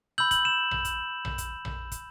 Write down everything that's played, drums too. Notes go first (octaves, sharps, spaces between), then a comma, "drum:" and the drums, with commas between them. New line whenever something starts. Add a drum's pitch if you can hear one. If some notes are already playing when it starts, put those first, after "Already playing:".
B5 E6 G6 F#7
F#7, drum: kick, hi-hat
E7
drum: tom A#1
drum: kick, hi-hat
drum: tom A#1
drum: kick, hi-hat
drum: tom A#1
drum: kick, hi-hat